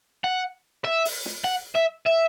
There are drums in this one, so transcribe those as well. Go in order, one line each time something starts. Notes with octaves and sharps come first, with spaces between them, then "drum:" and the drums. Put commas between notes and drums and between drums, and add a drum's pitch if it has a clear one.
F#5
E5
drum: open hi-hat
drum: snare
F#5
E5
E5